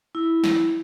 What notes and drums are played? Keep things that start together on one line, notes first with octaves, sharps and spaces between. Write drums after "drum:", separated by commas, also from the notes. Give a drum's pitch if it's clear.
E4
drum: snare